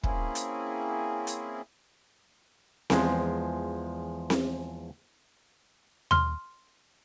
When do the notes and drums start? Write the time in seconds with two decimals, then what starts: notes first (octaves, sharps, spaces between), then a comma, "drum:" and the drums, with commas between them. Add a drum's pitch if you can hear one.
0.04 A#3 C4 C#4 E4 G#4, drum: kick
0.35 drum: hi-hat
1.27 drum: hi-hat
2.90 E2 F3 G#3, drum: snare C4
4.30 drum: snare C4
6.11 C6 F6, drum: tom D#2